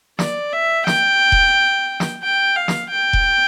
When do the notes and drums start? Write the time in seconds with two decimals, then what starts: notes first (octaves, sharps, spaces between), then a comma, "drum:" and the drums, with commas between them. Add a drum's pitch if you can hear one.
0.19 D5, drum: snare
0.53 E5
0.87 G5, drum: snare
1.32 drum: kick E1
2.00 drum: snare
2.22 G5
2.56 F5
2.68 drum: snare
2.90 G5
3.13 drum: kick E1